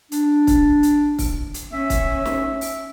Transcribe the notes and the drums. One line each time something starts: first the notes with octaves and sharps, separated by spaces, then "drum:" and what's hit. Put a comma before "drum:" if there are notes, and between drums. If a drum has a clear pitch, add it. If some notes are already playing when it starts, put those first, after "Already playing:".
D4, drum: hi-hat
drum: kick, hi-hat
drum: hi-hat
drum: kick, open hi-hat
drum: hi-hat
C#4 E5
drum: kick, hi-hat
drum: snare
drum: open hi-hat